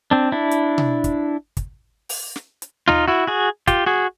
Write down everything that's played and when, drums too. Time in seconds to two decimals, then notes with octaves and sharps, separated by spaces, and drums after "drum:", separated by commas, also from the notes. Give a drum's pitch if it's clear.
0.11 C4 D4
0.32 D4 E4
0.51 drum: hi-hat
0.78 drum: tom B2
1.04 drum: kick, hi-hat
1.57 drum: kick, hi-hat
2.09 drum: open hi-hat
2.36 drum: snare
2.62 drum: hi-hat
2.88 D#4 F4, drum: tom D#2
3.08 E4 F#4
3.27 F#4 G#4
3.67 F4 G4, drum: kick, hi-hat
3.86 F#4 G#4